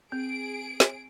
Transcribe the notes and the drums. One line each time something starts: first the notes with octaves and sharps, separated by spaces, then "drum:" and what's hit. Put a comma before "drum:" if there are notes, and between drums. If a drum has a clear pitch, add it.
C4 G#4 D7
drum: snare